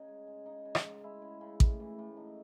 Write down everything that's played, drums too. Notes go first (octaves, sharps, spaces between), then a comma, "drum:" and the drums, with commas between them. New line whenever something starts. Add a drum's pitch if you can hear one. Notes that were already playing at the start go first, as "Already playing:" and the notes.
Already playing: C#3 C#4 D#4
G#3
G#3
C#3 D#4
C#3
drum: rim click
G#3
G#3 E4
C#3
C#3
A2, drum: kick A1
E3
A2
A3 D#4